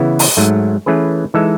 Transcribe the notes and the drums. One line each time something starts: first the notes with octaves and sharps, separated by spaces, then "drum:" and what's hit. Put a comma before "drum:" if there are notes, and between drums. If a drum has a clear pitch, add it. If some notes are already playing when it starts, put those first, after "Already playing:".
Already playing: C#3 E3 B3 E4
drum: open hi-hat
G#2 F#3 A3
E3 A3 C#4 G#4 B4
E3 G#3 D#4 A4 E5